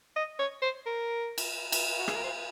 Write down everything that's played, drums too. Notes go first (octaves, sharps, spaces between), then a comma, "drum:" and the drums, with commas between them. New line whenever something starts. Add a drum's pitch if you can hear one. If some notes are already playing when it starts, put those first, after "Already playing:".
D#5
C#5
C5
A#4
drum: cymbal
drum: cymbal
F#4
G#4, drum: rim click
A#4
C5